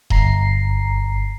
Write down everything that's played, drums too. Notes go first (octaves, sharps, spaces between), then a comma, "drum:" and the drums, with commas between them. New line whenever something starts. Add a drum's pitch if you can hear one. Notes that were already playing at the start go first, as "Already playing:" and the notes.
G1 A#5 C7, drum: kick D#1